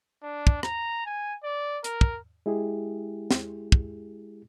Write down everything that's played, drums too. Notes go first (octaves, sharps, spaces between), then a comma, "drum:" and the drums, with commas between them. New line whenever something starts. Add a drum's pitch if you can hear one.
D4
drum: kick
A#5, drum: rim click
G#5
D5
A#4, drum: hi-hat
drum: kick
G#3 E4 G4 G#4
drum: snare
drum: kick